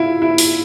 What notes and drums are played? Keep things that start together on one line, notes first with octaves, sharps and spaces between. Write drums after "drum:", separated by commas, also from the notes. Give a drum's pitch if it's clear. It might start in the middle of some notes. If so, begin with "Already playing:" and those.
Already playing: E4 F4
E4
drum: open hi-hat